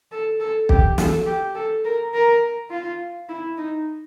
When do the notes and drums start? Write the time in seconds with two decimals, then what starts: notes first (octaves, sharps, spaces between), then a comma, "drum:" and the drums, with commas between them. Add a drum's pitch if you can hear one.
0.12 A4
0.40 A4
0.69 G4, drum: kick
0.98 A4, drum: snare
1.26 G4
1.55 A4
1.85 A#4
2.13 A#4
2.70 F4
3.29 E4
3.57 D#4